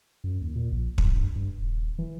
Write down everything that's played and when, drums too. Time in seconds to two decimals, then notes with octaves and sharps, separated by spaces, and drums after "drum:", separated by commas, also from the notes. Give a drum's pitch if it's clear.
0.24 F#2
0.41 D#2
0.56 A#2
0.72 A#1
0.98 F2, drum: kick
1.15 G2
1.36 G2
1.58 D#1
1.99 E3